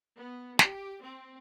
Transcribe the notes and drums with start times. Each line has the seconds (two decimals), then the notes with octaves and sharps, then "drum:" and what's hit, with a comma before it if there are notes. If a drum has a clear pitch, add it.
0.16 B3
0.59 G4, drum: snare
1.03 C4